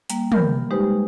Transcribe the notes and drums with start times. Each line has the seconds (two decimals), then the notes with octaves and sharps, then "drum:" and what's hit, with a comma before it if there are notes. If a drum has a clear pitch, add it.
0.10 G3 A#3, drum: hi-hat
0.32 A#4 B5 F6 G6, drum: tom
0.71 G3 G#3 D#4 G4 B4 C5